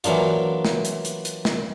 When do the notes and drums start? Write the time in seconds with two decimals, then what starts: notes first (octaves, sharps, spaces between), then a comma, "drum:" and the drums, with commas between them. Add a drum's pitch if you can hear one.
0.04 E3 F#3 A#3 D4 F4, drum: hi-hat
0.65 drum: snare
0.85 drum: hi-hat
1.05 drum: hi-hat
1.25 drum: hi-hat
1.45 drum: snare